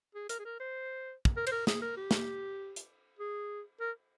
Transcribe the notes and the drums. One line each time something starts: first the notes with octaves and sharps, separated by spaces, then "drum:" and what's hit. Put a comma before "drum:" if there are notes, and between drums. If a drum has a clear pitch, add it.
G#4
A#4, drum: hi-hat
G#4
A#4
C5
drum: kick
A#4
C5, drum: cymbal
A#4
G#4, drum: snare
A#4
G4
drum: snare
drum: hi-hat
G#4
A#4